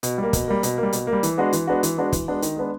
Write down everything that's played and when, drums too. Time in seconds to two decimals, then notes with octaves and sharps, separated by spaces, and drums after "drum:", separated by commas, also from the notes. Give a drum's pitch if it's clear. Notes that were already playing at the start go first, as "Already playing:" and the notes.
0.03 B2, drum: hi-hat
0.18 G3
0.23 A#3
0.33 B2, drum: kick, hi-hat
0.48 G3 A#3
0.63 B2, drum: hi-hat
0.78 A#3
0.83 G3
0.93 B2, drum: hi-hat
1.07 A#3
1.13 G3
1.23 E3, drum: hi-hat
1.38 G#3 B3 D4 F#4
1.53 E3, drum: hi-hat
1.67 G#3 B3 D4 F#4
1.83 E3, drum: hi-hat
1.98 G#3 B3 D4 F#4
2.13 E3, drum: kick, hi-hat
2.28 G#3 B3 D4 F#4
2.42 D#3, drum: hi-hat
2.56 G#3 B3 D4